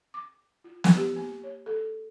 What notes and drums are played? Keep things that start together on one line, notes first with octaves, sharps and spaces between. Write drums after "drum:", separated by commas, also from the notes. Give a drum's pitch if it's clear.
D6
F4
drum: snare
G4
A#3
C#5
A4